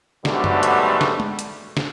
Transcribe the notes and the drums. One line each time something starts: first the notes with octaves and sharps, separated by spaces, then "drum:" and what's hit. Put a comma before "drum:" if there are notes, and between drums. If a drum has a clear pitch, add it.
G#2 B2 D3 F#3 G3 A3, drum: snare
drum: tom F#2
drum: hi-hat
drum: snare
drum: tom
drum: hi-hat
drum: snare